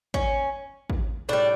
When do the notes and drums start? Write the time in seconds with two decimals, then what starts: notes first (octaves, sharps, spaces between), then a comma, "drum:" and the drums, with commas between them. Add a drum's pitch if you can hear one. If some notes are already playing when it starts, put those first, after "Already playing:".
0.14 C#4, drum: kick
0.90 drum: kick
1.29 A2 G3 D4